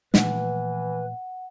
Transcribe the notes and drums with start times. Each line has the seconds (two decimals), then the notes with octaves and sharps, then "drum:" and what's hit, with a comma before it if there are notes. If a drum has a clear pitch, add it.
0.14 A#2 E3 F3 A3 B4 F#5, drum: snare